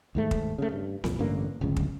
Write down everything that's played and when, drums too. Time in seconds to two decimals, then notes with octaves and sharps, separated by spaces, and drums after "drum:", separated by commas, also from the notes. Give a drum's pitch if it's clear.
0.15 D#2 G#2 A3
0.31 drum: kick
0.58 C#3 A3
0.72 G2
1.04 C2 F2 A#2, drum: snare C4
1.19 A1 G2 D3 A#3
1.61 D1 G1 C#2 C#3
1.76 drum: kick